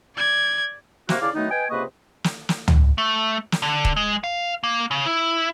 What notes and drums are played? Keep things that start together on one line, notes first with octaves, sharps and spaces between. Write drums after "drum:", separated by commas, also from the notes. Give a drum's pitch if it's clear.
D5 G#6
C3 A#3 F#4, drum: snare
C#2 C#3 E4 D5 F5 D6
D#3 F#3 A3 B3 D#4
B4 D#5 G5 G#5
C#2 C3 A#3 B4 D#5 C#6
drum: snare
drum: snare
drum: tom
A3
drum: snare
D3
drum: kick
G#3
F5
A#3
C#3
E4